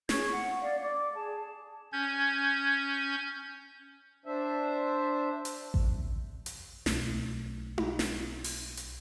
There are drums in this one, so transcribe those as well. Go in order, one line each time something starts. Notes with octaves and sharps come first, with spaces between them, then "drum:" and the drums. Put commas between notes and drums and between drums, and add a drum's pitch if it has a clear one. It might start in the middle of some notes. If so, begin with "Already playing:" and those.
C#4 G#4 C#6 G#6, drum: snare
F#5
D5 F5
D5 D6
G#4 A5
C#4 G6 G#6
D4 C5 E5
drum: hi-hat
drum: kick A1
drum: hi-hat
B1 A3, drum: snare
drum: tom D#4
drum: snare
drum: open hi-hat
drum: hi-hat